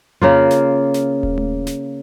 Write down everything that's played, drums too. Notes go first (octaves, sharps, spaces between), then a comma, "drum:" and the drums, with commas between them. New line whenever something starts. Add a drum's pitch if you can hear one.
C#3 A#3 F4, drum: tom F2
drum: snare
drum: snare
drum: kick D#1
drum: tom A3
drum: snare